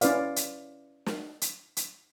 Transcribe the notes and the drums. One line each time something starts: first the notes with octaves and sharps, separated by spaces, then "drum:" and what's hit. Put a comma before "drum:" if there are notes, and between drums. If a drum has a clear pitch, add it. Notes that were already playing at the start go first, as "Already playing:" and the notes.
C#4 E4 B4 D5 F5, drum: hi-hat
drum: hi-hat
drum: snare
drum: hi-hat
drum: hi-hat